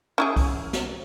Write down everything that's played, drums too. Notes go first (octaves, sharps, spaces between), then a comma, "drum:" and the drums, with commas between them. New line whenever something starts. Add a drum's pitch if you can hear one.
C#4 E4 G#4
drum: kick B1, open hi-hat
drum: snare